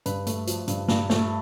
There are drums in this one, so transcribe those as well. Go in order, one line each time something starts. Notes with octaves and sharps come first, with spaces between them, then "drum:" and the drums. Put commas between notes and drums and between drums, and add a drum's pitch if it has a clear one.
G2 B4, drum: hi-hat
A3, drum: hi-hat
F3, drum: hi-hat
G2, drum: hi-hat
G2, drum: snare
A3, drum: snare